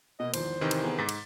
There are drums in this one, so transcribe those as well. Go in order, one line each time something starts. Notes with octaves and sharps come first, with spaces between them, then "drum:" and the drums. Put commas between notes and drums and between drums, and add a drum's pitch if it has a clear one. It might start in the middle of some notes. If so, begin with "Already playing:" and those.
B2 A#3 D#5
G#1 E2 F3 C5, drum: cymbal
C3 D#3 E3
drum: cymbal
B3 G#4 A#4
G#2 D6 A6 B6
drum: cymbal